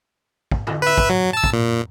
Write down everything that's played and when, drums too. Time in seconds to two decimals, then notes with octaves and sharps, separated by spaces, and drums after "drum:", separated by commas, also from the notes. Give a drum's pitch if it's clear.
0.52 drum: kick
0.67 drum: tom
0.82 B4 E5
0.98 drum: kick
1.10 F#3
1.33 A5 E6
1.44 drum: kick
1.53 A#2